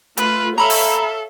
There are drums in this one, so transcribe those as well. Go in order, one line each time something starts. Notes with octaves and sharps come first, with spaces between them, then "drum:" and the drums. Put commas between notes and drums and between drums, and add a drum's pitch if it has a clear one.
A3 F4 B4, drum: hi-hat
A4 C#5 E5 F5 A#5 B5
drum: open hi-hat